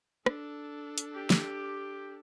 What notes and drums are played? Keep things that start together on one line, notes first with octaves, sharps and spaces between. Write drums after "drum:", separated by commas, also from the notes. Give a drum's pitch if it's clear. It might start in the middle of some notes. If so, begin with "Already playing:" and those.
D4 A4, drum: rim click
drum: hi-hat
G4
drum: snare